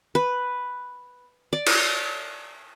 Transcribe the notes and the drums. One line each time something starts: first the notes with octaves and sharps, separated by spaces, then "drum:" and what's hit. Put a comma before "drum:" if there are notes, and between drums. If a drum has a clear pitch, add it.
B4
D5
drum: cymbal